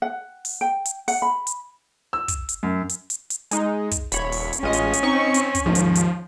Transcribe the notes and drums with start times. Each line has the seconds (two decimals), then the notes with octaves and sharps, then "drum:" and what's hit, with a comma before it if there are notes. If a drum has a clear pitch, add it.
0.02 F#5
0.45 drum: open hi-hat
0.61 G5
0.85 drum: hi-hat
1.08 F#5, drum: open hi-hat
1.22 B5
1.47 drum: hi-hat
2.13 E6
2.28 drum: kick, hi-hat
2.49 drum: hi-hat
2.63 F#2
2.89 drum: hi-hat
3.10 drum: hi-hat
3.30 drum: hi-hat
3.51 G#3 D#4, drum: hi-hat
3.91 drum: kick, hi-hat
4.12 D#1 C#5 B5, drum: hi-hat
4.32 drum: open hi-hat
4.53 drum: hi-hat
4.63 A1 G#3 C#4 F4 D#5
4.73 drum: hi-hat
4.93 drum: hi-hat
5.03 C4 D#4 C#6
5.34 drum: hi-hat
5.55 drum: kick, hi-hat
5.66 D#2 G#2 F3
5.75 drum: hi-hat
5.95 drum: hi-hat